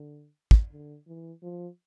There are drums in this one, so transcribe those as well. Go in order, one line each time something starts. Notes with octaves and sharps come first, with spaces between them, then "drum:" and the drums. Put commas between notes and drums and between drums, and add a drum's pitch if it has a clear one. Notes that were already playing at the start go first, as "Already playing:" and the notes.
Already playing: D3
drum: kick
D3
E3
F3